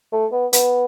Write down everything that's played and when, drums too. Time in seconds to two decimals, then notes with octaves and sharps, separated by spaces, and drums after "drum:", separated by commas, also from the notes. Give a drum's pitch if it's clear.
0.12 A3
0.32 B3
0.53 B3, drum: hi-hat